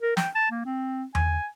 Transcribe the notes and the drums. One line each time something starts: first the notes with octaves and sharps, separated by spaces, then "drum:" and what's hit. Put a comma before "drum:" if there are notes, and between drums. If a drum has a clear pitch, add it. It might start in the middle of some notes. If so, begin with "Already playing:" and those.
A#4
G5, drum: snare
A5
A#3
C4
G#5, drum: tom E2